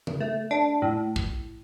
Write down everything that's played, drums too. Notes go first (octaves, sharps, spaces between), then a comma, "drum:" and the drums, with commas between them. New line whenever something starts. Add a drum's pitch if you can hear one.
drum: tom C#3
A3
D4
A2
drum: kick